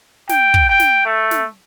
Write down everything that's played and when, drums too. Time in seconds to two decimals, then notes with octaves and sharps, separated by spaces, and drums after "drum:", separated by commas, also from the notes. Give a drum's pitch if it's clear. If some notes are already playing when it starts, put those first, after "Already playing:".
0.29 G5, drum: snare
0.54 drum: kick
0.69 G5
0.80 drum: snare
1.05 A3
1.31 drum: snare